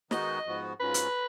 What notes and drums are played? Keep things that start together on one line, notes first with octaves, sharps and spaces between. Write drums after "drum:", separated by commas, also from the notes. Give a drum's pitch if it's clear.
D#3 G#3 B3 D#4 F#4 D#5, drum: snare
G#2 F3 B3 F#4
G#2 F#3 C#4 F4 B4
drum: hi-hat